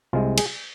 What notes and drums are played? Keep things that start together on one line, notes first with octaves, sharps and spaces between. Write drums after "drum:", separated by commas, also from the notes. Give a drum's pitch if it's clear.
C2 C3 G#3 F4
G#4, drum: cymbal